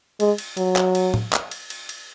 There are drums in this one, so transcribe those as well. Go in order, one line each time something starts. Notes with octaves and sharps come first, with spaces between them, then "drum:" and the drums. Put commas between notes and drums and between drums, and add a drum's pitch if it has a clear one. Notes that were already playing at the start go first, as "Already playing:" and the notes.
G#3, drum: cymbal
drum: cymbal
F#3, drum: cymbal
drum: clap
drum: cymbal
drum: tom A2
drum: clap
drum: cymbal
drum: cymbal
drum: cymbal